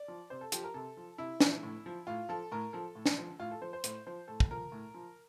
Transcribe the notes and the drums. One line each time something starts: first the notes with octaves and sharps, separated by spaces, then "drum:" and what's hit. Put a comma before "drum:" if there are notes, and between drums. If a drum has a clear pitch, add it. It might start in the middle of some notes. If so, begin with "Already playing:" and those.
Already playing: D5
F3
C3 C5
A4
F3 G4, drum: hi-hat
A#4
C3 A4
F3
C3 E4
F3, drum: snare
A2
F3
A2 F4
F3 A4
A2 A#4
F3 A4
A2
drum: snare
F3
A2 F4
A4
F3 C5
C5
A2 C5, drum: hi-hat
F3 C5
A2 A4
drum: kick
F3 A#4
A2
F3